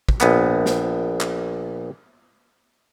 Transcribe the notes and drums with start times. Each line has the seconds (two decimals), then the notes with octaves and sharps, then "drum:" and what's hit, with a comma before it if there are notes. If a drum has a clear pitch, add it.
0.09 drum: kick
0.21 A#1 B3, drum: clap
0.66 drum: snare
1.21 drum: clap